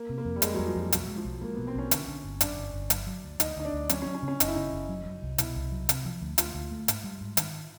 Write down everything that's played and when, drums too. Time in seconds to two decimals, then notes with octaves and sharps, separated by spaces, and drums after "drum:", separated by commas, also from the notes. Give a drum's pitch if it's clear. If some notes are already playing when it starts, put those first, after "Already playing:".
Already playing: A#3
0.09 C3
0.18 A#3
0.25 F2
0.36 G3
0.42 F2 G#3, drum: hi-hat
0.54 F2 F#3
0.67 F3
0.76 F2 F#3
0.92 B1 F#3, drum: hi-hat
1.08 G#3
1.17 F3
1.25 B1
1.41 G#3 A#3
1.54 B2 B3
1.67 C4
1.75 B1 C#4
1.91 D3, drum: hi-hat
2.08 D3
2.24 G1
2.41 F#2 D4, drum: hi-hat
2.57 G1
2.74 G1
2.90 F#3, drum: hi-hat
3.07 F#3
3.24 D2
3.40 D2 D#4, drum: hi-hat
3.56 D2 D#4
3.65 D4
3.73 D2
3.89 F#3 C#4, drum: hi-hat
4.02 C#4
4.06 F#3
4.14 C#4
4.23 C#3
4.28 C#4
4.40 F#1 D#4, drum: hi-hat
4.48 E4
4.55 C#3 D#4
4.73 F#1
4.89 F#3
5.06 F#3
5.22 C2
5.38 B2 E4, drum: hi-hat
5.56 C2
5.72 F#3
5.89 C3, drum: hi-hat
6.05 F3
6.21 D2
6.38 D2 F4, drum: hi-hat
6.55 D2
6.71 A3
6.88 G#2, drum: hi-hat
7.04 G3
7.21 G#2
7.37 D#3, drum: hi-hat